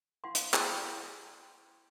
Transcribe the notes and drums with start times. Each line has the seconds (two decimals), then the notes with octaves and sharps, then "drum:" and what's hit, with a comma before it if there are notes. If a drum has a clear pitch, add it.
0.24 E4 F5 F#5 C6
0.35 drum: hi-hat
0.54 E4 G#4 D5 G5 B5 C6, drum: clap